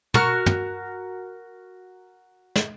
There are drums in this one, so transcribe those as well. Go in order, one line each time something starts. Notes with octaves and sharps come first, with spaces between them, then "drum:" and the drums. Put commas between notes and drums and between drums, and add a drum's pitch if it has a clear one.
F#4 A#4 F6 F#6, drum: tom
drum: tom
drum: snare